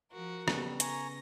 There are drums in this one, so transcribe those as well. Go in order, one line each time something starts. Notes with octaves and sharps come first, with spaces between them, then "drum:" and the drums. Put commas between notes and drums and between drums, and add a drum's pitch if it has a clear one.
F3 F#4 A#4
C#3 G3 B3 A4, drum: rim click
G#5 A#5 C#6 A#6, drum: hi-hat